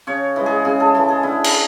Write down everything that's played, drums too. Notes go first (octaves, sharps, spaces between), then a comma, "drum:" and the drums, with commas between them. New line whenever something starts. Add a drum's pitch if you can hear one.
C#3 C#5
E3 G#3
G#4
C#3 G#4
A4
E3 G#3 A4
G#4
D3 E4
drum: cymbal